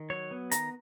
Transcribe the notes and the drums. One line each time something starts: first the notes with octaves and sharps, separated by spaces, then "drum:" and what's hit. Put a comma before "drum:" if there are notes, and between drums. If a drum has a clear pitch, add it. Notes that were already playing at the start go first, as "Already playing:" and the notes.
Already playing: D#3
F#3 C#5
B3
D#3 A#5, drum: hi-hat